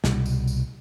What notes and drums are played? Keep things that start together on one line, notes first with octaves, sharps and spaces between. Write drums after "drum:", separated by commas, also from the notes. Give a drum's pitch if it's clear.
C2 B2 G3, drum: snare
drum: tambourine
drum: tambourine